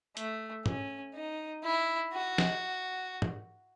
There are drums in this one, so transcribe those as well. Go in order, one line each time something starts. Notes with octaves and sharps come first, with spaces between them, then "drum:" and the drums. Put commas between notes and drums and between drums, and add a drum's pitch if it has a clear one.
A3, drum: hi-hat
C#4, drum: tom G#2
D#4
E4
F#4
drum: snare
drum: tom G#2